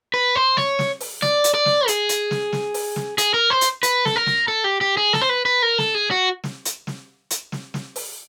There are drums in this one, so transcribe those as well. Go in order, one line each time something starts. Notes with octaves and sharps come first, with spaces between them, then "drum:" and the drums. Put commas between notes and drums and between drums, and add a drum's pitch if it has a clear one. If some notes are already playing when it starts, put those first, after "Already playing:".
B4
C5
C#5, drum: snare
drum: snare
drum: open hi-hat
D5, drum: snare
drum: hi-hat
D5
drum: snare
G#4, drum: hi-hat
drum: hi-hat
drum: snare
drum: snare
drum: open hi-hat
drum: snare
G#4, drum: hi-hat
A#4
C5
drum: hi-hat
B4, drum: hi-hat
A4, drum: snare
A#4
drum: snare
A4
G4
G4
G#4
A4, drum: snare
C5
B4
B4
A#4
A4, drum: snare
G#4
F#4
drum: snare
drum: hi-hat
drum: snare
drum: hi-hat
drum: snare
drum: snare
drum: open hi-hat